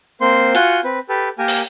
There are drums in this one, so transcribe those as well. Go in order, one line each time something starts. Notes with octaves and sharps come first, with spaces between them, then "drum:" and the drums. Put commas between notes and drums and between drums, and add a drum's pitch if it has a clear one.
A#3 C4 C5 C6
F4 F#4 F#5 G#5 G6, drum: hi-hat
C4 B4
G4 A4 B4
A#3 G4 A#4 G#5
drum: open hi-hat